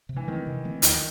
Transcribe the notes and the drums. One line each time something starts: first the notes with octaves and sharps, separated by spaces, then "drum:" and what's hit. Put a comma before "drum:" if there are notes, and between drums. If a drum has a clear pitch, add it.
C3
E3
D#3 F3 A3 C4
C3
F3 A3 C4
D#2 D#3, drum: hi-hat